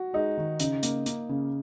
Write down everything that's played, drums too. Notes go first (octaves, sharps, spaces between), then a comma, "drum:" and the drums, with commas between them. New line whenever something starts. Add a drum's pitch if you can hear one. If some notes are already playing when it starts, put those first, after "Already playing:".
Already playing: F#4
G#3 D#4
D#3
C#3 D#4, drum: hi-hat
A#3, drum: hi-hat
A#3, drum: hi-hat
C#3